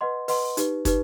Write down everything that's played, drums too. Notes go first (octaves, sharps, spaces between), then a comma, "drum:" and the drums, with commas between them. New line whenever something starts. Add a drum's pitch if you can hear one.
B4 D#5 F#5 C6
B4 D#5 F#5 C6, drum: open hi-hat
D#4 G4 B4, drum: hi-hat
D#4 G4 B4, drum: kick, hi-hat